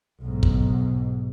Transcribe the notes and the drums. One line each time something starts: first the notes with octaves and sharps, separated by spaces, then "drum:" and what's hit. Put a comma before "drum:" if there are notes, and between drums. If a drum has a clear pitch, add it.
B1 G#2
drum: kick